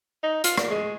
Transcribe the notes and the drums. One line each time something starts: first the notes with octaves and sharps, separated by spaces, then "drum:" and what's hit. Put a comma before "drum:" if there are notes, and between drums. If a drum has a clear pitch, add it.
D#4
F4, drum: hi-hat
A#2, drum: rim click
G#3